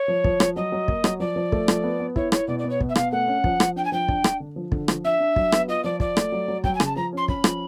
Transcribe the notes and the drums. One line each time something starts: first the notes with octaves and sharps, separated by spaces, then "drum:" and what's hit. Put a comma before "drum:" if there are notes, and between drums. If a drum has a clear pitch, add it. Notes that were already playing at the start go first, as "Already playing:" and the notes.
Already playing: C#5
F3
F3, drum: kick
F3, drum: rim click
F#3 D#5
F#3
A#3, drum: kick
F#3, drum: rim click
F3 D5
F3
A3, drum: kick
F3, drum: rim click
B3
B3
E4 C#5, drum: kick
E4 C#5, drum: rim click
B2 D5
D5
B3
C#5
B2, drum: kick
E5
B2 F5, drum: rim click
A3 F#5
C#4
F3, drum: kick
F3, drum: rim click
D4 G5
G#5
F3 G5
D4, drum: kick
D4, drum: rim click
D3
F3
D3, drum: kick
F3, drum: rim click
D4 E5
D4
F#3, drum: kick
B3, drum: rim click
F4 D#5
F3 D5
F4 D5, drum: kick
A3, drum: rim click
F#3
F#3
F#3 G5, drum: kick
G#5
C#3, drum: rim click
A5
F3 A#5
C#4 C6
C#4 B5, drum: kick
F3, drum: rim click